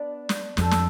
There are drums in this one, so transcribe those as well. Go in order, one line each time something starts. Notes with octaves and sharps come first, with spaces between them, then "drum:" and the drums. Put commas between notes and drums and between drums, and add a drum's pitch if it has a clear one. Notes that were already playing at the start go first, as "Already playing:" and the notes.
Already playing: B3 D4 D5
drum: snare
F2 F3 A3 D4 A4, drum: snare
drum: snare